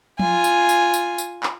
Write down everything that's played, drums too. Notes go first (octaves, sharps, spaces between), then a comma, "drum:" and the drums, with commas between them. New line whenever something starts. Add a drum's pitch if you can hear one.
F4 G#5, drum: tom F3
drum: tambourine
drum: tambourine
drum: tambourine
drum: tambourine
drum: clap